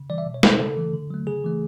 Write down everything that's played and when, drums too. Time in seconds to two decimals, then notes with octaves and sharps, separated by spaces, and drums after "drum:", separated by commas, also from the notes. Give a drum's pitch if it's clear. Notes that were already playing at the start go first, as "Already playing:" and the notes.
Already playing: C#3
0.10 E3 G3 D5
0.18 E5
0.26 B2
0.34 C#5
0.43 G3 C5, drum: snare
0.51 A#4
0.59 C#3 A4
0.77 E3 A3
0.93 D3
1.10 F#3 A3
1.27 C#3 G#4
1.44 E3 A3